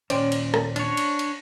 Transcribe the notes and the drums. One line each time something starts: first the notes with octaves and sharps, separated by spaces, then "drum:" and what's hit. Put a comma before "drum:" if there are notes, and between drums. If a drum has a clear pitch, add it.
D#2 A#2 C#4 C5 D5 G5, drum: cymbal
drum: cymbal
drum: rim click
D4 C#5, drum: cymbal
drum: cymbal
drum: cymbal